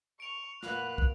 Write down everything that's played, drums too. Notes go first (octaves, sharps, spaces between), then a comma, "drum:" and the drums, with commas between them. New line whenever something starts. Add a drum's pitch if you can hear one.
C#6 D7 F7
A#2 F#4 B4 F5 F#5 F#6, drum: snare
drum: kick